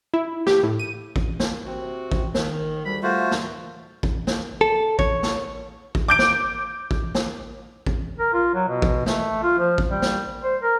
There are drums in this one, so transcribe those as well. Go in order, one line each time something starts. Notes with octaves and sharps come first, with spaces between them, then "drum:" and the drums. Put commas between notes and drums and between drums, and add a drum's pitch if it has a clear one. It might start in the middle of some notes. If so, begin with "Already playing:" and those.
E4
G4, drum: snare
A2
D#7
drum: kick A1
drum: snare
C3 C4 F#4
drum: kick A1
D#3, drum: snare
D2 G3 B5
A3 F4 F#4 C5
drum: snare
drum: kick A1
drum: snare
A4
C#5, drum: kick A1
drum: snare
drum: kick A1
D6 G6 D7
drum: snare
drum: kick A1
drum: snare
drum: kick A1
A#4
F4
F#3
B2
drum: kick A1
A3, drum: snare
F4
F3
drum: kick A1
G3
drum: snare
C5
A#4